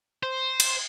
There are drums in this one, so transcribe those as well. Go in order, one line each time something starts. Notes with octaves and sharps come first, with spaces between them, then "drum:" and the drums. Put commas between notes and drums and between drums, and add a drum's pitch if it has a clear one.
C5
drum: cymbal